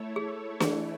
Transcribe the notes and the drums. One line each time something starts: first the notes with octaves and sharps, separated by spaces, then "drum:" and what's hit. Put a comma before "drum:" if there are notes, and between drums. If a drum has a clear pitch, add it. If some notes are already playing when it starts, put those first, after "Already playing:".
Already playing: A3 E4 A4 C#5
G#4
E3 A3 E4 G#4, drum: snare